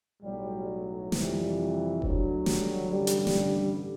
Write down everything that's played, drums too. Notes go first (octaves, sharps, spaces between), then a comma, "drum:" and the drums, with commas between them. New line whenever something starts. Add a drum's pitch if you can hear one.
B1 A2 F#3 G3
F2 C3 E3 G3, drum: snare
D2 D3 F#3, drum: kick F1
G3, drum: snare
A1 G2 D3 G3
drum: hi-hat
drum: snare